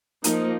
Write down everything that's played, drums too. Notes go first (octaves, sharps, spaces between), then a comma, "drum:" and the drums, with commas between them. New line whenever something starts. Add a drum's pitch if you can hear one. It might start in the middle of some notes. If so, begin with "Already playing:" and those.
F3 A#3 D#4, drum: hi-hat